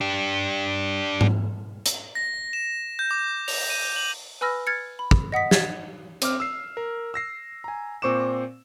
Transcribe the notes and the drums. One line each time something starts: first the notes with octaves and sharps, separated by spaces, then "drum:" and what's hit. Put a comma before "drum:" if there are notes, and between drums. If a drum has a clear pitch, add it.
D4 G4
drum: tom G#2
drum: hi-hat
A#6
E7
G6
D6
F7, drum: open hi-hat
D#7
F#7
B4 G#5 B5 E6 F6 A#6
F6 G#6 A6 C#7
B5
drum: kick
D#5 F#5 D#6 B6
G#6 A6 B6, drum: snare
C4 D6 F6, drum: hi-hat
E6 C7
A#4
E6 A#6 C7
G#5 A#5
A#2 C4 C5 C#6 D6 E7